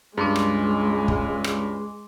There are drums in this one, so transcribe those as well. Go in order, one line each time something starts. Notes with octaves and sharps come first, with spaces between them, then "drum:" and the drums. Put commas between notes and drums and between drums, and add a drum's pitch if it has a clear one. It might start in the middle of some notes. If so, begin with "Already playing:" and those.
C#2 G2 G#3 G#4 C6 D6
drum: rim click
drum: kick
drum: rim click